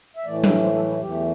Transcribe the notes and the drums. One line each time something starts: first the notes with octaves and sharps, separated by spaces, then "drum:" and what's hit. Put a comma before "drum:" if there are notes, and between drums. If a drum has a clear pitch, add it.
E5
A2 E3 A3 D5
drum: tom F#3
C5
A4
E4
E2 E3 A3 G4